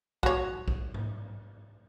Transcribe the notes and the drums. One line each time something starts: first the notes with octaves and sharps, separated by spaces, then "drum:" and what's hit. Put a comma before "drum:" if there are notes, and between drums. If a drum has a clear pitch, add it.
F#4 C#5, drum: kick
drum: kick
drum: tom G#2